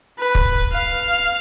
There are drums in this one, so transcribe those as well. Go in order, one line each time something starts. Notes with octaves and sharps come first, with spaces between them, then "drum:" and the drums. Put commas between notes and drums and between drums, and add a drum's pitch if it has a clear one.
B4
drum: kick
F5